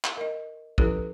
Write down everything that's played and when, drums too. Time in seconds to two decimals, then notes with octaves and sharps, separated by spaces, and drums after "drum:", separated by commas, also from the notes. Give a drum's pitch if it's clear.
0.04 drum: clap
0.17 A#4 D#5
0.78 F3 C#4 E4 G4 A4 B4, drum: kick